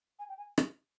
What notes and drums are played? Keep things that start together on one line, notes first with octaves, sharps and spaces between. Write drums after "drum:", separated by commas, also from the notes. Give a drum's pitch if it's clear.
G#5
G5
G#5
drum: rim click